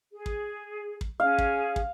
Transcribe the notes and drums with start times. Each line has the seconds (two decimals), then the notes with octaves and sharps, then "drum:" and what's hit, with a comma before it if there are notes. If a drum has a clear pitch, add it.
0.12 G#4
0.26 drum: kick
1.01 drum: kick
1.20 C#4 G#4 F5
1.38 drum: kick
1.76 drum: kick